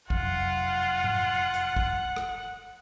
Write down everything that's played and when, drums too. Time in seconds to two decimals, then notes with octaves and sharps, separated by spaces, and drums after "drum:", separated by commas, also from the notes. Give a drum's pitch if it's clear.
0.10 F1 F#2 F4 F#5, drum: kick
1.04 drum: tom G#2
1.54 drum: hi-hat
1.77 drum: kick
2.16 drum: rim click